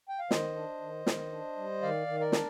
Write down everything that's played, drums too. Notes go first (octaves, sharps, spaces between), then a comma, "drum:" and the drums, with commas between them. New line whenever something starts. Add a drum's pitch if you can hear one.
G5
F5
D#3 C5 D#5, drum: snare
D4
D#3
D#3, drum: snare
D4
G3
D#3 D5 F5
D#3
A#4 D5
D4, drum: snare